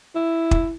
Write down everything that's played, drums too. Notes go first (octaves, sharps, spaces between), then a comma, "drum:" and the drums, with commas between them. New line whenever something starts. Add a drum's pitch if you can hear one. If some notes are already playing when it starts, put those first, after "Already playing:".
E4
drum: kick